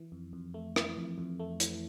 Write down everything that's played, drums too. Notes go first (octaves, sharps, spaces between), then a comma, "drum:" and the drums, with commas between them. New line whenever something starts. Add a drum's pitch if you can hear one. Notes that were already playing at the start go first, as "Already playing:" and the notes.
Already playing: E3
F2
F2
A3
E3, drum: rim click
F2
F2
A3
E3, drum: hi-hat